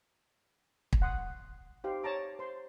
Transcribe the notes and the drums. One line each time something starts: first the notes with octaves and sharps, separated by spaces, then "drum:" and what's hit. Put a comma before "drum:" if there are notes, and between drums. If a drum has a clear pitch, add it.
drum: kick
F#5 C6 D#6
D#4 G4 C5 F5
C#5 A5 A#5 D6
C5 C6